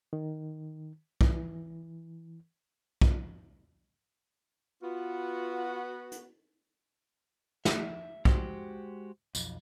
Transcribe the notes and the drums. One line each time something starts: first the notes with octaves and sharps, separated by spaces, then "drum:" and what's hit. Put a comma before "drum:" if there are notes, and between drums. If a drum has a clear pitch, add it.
D#3
E3, drum: kick
drum: kick
B3 F4 F#4
drum: hi-hat
E5, drum: snare
G#3 F#4 G4 C5, drum: kick
B1 F2, drum: tambourine